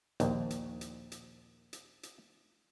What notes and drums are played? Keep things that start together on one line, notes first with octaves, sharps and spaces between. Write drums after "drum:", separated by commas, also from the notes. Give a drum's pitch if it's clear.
A#1 D#2, drum: hi-hat
drum: hi-hat
drum: hi-hat
drum: hi-hat
drum: hi-hat
drum: hi-hat